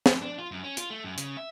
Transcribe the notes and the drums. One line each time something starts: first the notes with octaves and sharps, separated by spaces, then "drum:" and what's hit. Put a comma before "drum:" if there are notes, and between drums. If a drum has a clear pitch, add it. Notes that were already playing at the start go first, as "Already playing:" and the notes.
drum: snare
D4
F4
F#2
C#4
F4, drum: hi-hat
A3
F#2
C#3, drum: hi-hat
E5